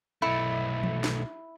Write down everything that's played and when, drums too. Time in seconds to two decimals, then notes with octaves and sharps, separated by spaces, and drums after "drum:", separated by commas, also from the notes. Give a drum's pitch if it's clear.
0.22 B1 A3 E4
0.83 drum: tom E3
1.04 drum: snare